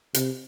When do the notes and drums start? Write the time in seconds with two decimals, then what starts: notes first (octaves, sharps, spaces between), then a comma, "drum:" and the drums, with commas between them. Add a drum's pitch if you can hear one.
0.14 C3, drum: hi-hat